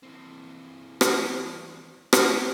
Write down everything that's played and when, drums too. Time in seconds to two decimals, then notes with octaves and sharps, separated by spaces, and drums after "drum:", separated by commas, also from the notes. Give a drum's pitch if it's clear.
0.03 E3 C4
1.01 drum: rim click
2.13 drum: rim click